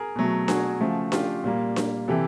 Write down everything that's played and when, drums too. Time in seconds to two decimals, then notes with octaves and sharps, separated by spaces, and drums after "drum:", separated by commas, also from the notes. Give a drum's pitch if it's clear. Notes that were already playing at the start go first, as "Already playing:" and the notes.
Already playing: G#4 A#4
0.16 B2 F#3 A3
0.48 F#4 G#4, drum: snare D4
0.80 C#3 F3 A3
1.12 F4 G4, drum: snare D4
1.44 A#2 G3 A#3
1.76 drum: snare D4
2.08 C3 E3 G4 A4